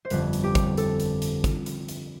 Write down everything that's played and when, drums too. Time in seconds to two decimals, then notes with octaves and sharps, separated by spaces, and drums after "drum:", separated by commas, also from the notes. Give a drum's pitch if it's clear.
0.05 C5
0.10 G1 F2 D3 B4, drum: hi-hat
0.33 drum: hi-hat
0.44 G4
0.55 drum: kick, hi-hat
0.78 A4, drum: hi-hat
1.00 drum: hi-hat
1.22 drum: hi-hat
1.44 drum: kick, hi-hat
1.66 drum: hi-hat
1.88 drum: hi-hat